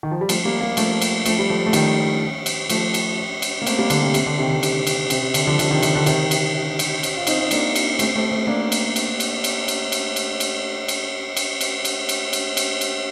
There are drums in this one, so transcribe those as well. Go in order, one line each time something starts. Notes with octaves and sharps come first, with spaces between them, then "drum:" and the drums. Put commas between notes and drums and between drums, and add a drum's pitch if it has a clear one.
D#3
F3
G3
F3 A3, drum: cymbal
G3 A#3
G3 A#3
F3 A3, drum: cymbal
drum: cymbal
F3 A3, drum: cymbal
G3
F3 A3
A3
D#3 G3, drum: cymbal
drum: cymbal
F3 A3, drum: cymbal
drum: cymbal
drum: cymbal
A#3
A3 C4, drum: cymbal
G3 A#3
D3, drum: cymbal
C3
C3, drum: cymbal
D3
C3 D#3
D3
C3, drum: cymbal
drum: cymbal
C3, drum: cymbal
C3
D3, drum: cymbal
D3 F3
D3 F3, drum: cymbal
C3 D#3
D3, drum: cymbal
D3
C3 D#3, drum: cymbal
drum: cymbal
drum: cymbal
drum: cymbal
F4
C4 D#4, drum: cymbal
C4
A#3 D4, drum: cymbal
drum: cymbal
A3 C4, drum: cymbal
A3 C4
A3 C4
A#3 D4
drum: cymbal
drum: cymbal
drum: cymbal
drum: cymbal
drum: cymbal
drum: cymbal
drum: cymbal
drum: cymbal
drum: cymbal
drum: cymbal
drum: cymbal
drum: cymbal
drum: cymbal
drum: cymbal
drum: cymbal
drum: cymbal